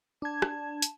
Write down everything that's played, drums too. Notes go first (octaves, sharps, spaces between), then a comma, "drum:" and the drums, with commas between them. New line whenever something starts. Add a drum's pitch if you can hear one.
D4 A5 G#6
drum: rim click
drum: hi-hat